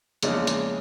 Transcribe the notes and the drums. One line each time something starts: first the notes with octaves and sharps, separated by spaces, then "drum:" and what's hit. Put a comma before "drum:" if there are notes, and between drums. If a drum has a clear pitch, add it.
A#1 E2 C#3 G#3 D4 D#5, drum: hi-hat
drum: hi-hat